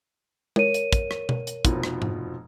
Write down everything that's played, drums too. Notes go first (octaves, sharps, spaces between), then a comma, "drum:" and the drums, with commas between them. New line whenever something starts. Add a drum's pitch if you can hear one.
A#4 C#5 D#7, drum: tom
drum: hi-hat
drum: kick, hi-hat
drum: rim click
drum: tom B2
drum: hi-hat
F1 B2 F3, drum: kick, hi-hat
drum: rim click
drum: tom G#2